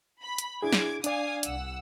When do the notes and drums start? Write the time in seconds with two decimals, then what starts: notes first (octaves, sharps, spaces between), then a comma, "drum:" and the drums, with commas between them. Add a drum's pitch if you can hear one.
0.21 B5
0.38 drum: hi-hat
0.62 D4 E4 G#4 D6 G#6
0.73 drum: snare
1.04 D4 D5 F5 G#5 D#6, drum: hi-hat
1.43 C2 F#5 E6, drum: hi-hat